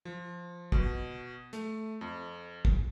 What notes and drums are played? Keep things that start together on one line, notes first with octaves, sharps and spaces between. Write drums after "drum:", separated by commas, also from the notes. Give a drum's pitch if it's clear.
F3
B2, drum: kick
A3, drum: hi-hat
F2
drum: kick